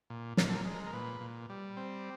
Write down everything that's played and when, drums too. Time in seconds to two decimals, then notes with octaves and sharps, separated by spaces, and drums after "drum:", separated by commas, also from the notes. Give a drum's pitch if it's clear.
0.10 A#2
0.37 A#2 A#4, drum: snare
0.49 A4
0.56 A#4
0.65 G#3
0.74 A#4
0.86 A#4
0.93 A#2 B4
1.21 A#2
1.49 G3
1.77 C4